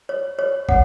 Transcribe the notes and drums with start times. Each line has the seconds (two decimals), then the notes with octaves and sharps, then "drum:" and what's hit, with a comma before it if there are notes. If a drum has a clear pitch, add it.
0.09 C#5
0.39 C#5
0.69 C#5 F#5, drum: kick